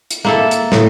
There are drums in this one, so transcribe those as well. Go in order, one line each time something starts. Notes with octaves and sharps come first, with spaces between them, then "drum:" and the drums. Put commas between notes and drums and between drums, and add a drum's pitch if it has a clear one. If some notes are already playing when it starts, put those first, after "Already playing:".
drum: hi-hat
A#3 E4 A4
drum: hi-hat
A2, drum: snare